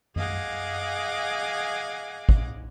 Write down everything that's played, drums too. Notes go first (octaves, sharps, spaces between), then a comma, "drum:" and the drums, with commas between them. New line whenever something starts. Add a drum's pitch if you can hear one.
G#4 D#5 F5 F#5 G#5 D6, drum: tom F#2
drum: kick